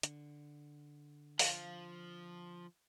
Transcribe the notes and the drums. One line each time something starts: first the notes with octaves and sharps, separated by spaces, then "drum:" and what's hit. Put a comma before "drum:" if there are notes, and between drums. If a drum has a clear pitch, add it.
D3, drum: hi-hat
F3 F5, drum: open hi-hat